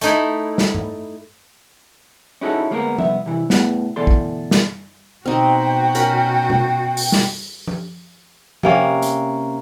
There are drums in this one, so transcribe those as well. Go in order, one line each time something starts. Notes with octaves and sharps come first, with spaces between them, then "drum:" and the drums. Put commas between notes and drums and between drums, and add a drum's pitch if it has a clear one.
A3 D#4 E4, drum: hi-hat
drum: snare
drum: tom G#2
C#4 D#4 E4 F#4 G#4 A4
D2 G#3 A#3 B3 F#4 A#4
C2 B3 E5, drum: tom F3
C3 E3 E4
A2 C#3 B3, drum: snare
D2 B2 E3 A4 D5 C6
drum: kick
drum: snare
B2 C4 D#4 F#4 G5
C#4 A#4 B5, drum: hi-hat
drum: tom B2
drum: open hi-hat
drum: snare
drum: tom F3
C3 A#3 C#4, drum: tom F3
drum: hi-hat